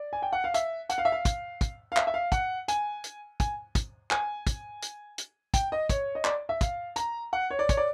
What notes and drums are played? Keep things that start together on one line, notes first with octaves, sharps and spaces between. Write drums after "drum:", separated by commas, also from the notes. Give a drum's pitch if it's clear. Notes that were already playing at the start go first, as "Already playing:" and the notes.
Already playing: D5
G#5
G5
F#5
F5
E5, drum: hi-hat
F#5, drum: hi-hat
F5
E5
F5
drum: kick, hi-hat
drum: kick, hi-hat
F5
E5, drum: clap
E5
F5
F#5, drum: kick, hi-hat
G#5, drum: hi-hat
drum: hi-hat
G#5, drum: kick, hi-hat
drum: kick, hi-hat
G#5, drum: clap
drum: kick, hi-hat
drum: hi-hat
drum: hi-hat
G5, drum: kick, hi-hat
D#5
C#5, drum: kick, hi-hat
D#5
D5, drum: clap
E5
F5, drum: kick, hi-hat
A#5, drum: hi-hat
F#5
C#5
D5
C#5, drum: kick, hi-hat
D5